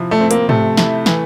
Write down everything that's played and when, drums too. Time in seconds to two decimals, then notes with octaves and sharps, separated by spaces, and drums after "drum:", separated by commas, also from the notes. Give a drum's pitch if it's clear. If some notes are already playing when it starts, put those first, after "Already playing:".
Already playing: C3 F3 E4
0.11 A3
0.21 C4
0.31 A#3, drum: hi-hat
0.49 C3 A3, drum: tom G#2
0.77 E4, drum: snare
1.06 E3, drum: snare